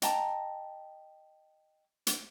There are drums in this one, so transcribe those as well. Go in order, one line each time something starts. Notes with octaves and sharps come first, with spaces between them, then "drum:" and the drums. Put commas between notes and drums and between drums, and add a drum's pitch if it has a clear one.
D#5 G5 A5 A#5, drum: hi-hat
drum: hi-hat